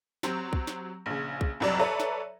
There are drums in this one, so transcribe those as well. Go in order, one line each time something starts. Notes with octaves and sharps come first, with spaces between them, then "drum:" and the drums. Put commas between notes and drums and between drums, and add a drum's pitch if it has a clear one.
F#3 C4 G4, drum: snare
drum: kick B1
drum: snare
A#1 C#3
drum: kick B1
C2 F2 F#3 G3 D5
A4 B4 C#5 D5 E5 A#5
drum: snare